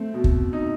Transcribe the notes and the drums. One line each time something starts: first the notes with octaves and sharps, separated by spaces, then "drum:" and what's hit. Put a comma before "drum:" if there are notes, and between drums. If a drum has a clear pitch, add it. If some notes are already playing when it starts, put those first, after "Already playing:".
Already playing: A3 C4
B2
drum: kick
D#4